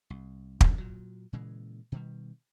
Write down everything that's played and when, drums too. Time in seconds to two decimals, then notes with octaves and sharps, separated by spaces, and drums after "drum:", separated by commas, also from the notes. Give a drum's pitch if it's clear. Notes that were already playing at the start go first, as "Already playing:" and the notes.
0.10 C2
0.61 E1 F#2 C3, drum: kick
0.78 A#2 F#3
1.33 A#2 C#3 E3 G#3
1.92 B2 D#3 G3